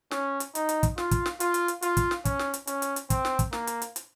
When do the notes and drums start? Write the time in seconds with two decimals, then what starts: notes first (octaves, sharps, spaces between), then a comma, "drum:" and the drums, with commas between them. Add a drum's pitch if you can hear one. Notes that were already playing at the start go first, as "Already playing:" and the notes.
0.11 C#4, drum: snare
0.40 drum: hi-hat
0.55 D#4, drum: hi-hat
0.69 drum: hi-hat
0.83 drum: kick, hi-hat
0.98 F4, drum: snare
1.11 drum: kick, hi-hat
1.26 drum: snare
1.40 F4, drum: hi-hat
1.54 drum: hi-hat
1.68 drum: hi-hat
1.82 F4, drum: hi-hat
1.97 drum: kick, hi-hat
2.11 drum: snare
2.25 C#4, drum: kick, hi-hat
2.39 drum: snare
2.54 drum: hi-hat
2.67 C#4, drum: hi-hat
2.82 drum: hi-hat
2.96 drum: hi-hat
3.10 C4, drum: kick, hi-hat
3.25 drum: snare
3.39 drum: kick, hi-hat
3.53 A#3, drum: snare
3.67 drum: hi-hat
3.82 drum: hi-hat
3.96 drum: hi-hat